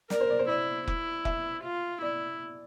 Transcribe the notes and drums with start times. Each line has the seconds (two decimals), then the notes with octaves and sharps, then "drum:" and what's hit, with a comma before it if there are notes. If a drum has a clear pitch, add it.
0.10 A#4 D5, drum: snare
0.20 C5
0.30 D5
0.39 C5
0.48 E4 D5
0.88 E4, drum: kick F1
1.25 E5, drum: kick F1
1.63 F4
2.02 E4 D5